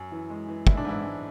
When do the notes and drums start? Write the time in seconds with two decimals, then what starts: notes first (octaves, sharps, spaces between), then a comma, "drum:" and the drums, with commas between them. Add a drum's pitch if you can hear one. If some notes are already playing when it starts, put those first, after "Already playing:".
Already playing: F#2
0.12 E3
0.30 G#3
0.48 E3
0.67 G#3 E4, drum: kick
0.77 D4
0.85 G#2 E3 E4
1.04 G#2